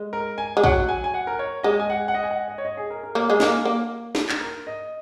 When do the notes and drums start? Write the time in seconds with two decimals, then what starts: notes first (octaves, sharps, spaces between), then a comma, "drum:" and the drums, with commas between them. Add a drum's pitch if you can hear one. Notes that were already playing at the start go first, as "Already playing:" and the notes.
Already playing: G#3
0.13 A#4
0.38 G#5
0.57 G#3
0.63 F#3 F#5, drum: kick
0.89 G#5
1.04 G#5
1.14 F#5
1.27 A#4
1.39 C#5
1.63 G#3 D#5
1.80 G#5
1.90 F#5
2.08 F#5
2.14 D#5
2.23 G#5
2.31 F#5
2.48 D#5
2.58 C#5
2.65 D#5
2.77 G#4
2.90 A#4
3.03 A#4
3.15 A#3 C#5
3.30 G#3
3.35 G#4
3.40 A#3 A#4, drum: snare
3.65 A#3
4.15 drum: snare
4.29 drum: clap
4.41 A#4
4.67 D#5